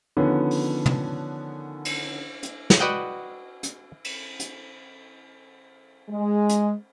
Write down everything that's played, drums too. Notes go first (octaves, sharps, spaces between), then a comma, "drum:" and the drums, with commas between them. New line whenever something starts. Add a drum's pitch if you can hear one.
D3 D#3 F3 B3 C#4
drum: open hi-hat
drum: tom
drum: cymbal
drum: hi-hat
drum: snare
F#4 B4 D5 D#5 F#5 G5
drum: hi-hat
drum: cymbal
drum: hi-hat
G#3
drum: hi-hat